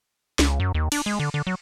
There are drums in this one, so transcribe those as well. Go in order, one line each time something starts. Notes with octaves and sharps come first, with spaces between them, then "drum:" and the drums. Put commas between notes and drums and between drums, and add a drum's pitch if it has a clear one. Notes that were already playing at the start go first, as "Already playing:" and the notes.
C#2, drum: snare
F#2
D#2
D4, drum: cymbal
G#3
D3
D3
F#3